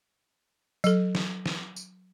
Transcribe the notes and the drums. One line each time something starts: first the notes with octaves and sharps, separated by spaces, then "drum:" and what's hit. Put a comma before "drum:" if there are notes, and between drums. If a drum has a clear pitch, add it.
F#3 A4, drum: tambourine
drum: snare
drum: snare
drum: tambourine